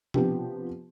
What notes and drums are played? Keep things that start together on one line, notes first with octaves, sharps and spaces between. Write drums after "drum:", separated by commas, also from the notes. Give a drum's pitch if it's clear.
C3 F3 B3 D4 G4, drum: tom B2